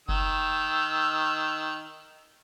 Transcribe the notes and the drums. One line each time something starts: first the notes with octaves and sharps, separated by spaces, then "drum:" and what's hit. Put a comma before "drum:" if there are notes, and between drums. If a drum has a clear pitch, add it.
D#3 E6, drum: kick F#1